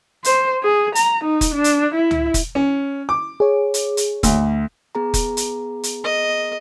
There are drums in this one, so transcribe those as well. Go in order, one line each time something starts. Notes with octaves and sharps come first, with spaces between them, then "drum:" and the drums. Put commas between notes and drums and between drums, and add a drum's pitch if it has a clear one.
C5, drum: hi-hat
G#4
A#5, drum: hi-hat
D#4
drum: kick, hi-hat
D4
drum: hi-hat
E4
drum: tom C#2
drum: kick, hi-hat
C#4
D6
G#4 C#5
drum: hi-hat
drum: hi-hat
D2, drum: kick, hi-hat
B3 G#4 A#5
drum: kick, hi-hat
drum: hi-hat
drum: hi-hat
D#5